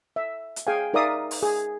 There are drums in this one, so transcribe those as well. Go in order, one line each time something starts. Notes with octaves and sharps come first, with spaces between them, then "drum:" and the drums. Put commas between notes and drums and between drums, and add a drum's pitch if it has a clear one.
E5
drum: hi-hat
G#4 F5 G5 G#5
D#4 A#4 D5 E5 F5 D#6
drum: open hi-hat
G#4